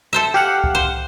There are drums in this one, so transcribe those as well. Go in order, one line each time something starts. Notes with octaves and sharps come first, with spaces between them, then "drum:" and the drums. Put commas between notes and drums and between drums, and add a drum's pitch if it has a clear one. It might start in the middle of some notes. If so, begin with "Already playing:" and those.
A4 C5 E5
G4 F5 F#5
drum: kick C2
C5